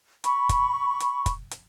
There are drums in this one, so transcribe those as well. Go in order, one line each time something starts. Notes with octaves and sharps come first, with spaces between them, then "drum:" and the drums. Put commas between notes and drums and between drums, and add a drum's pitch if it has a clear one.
B5 C#6, drum: hi-hat
drum: kick, hi-hat
drum: hi-hat
drum: kick, hi-hat
drum: hi-hat